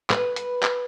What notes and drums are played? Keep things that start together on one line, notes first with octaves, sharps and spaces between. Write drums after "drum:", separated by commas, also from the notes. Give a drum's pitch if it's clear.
B4, drum: clap
drum: hi-hat
drum: clap